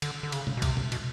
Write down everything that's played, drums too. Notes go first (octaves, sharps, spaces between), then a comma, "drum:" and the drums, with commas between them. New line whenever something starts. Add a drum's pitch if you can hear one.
D3, drum: cymbal
D3
C#3, drum: cymbal
drum: tom B2
B2
C3, drum: kick B1, cymbal
drum: tom B2
B2, drum: cymbal